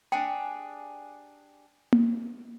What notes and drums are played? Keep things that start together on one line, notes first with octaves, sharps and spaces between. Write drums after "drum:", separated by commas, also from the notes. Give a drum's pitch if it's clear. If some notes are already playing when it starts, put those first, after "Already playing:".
D4 G4 G#4 G5
drum: tom A#3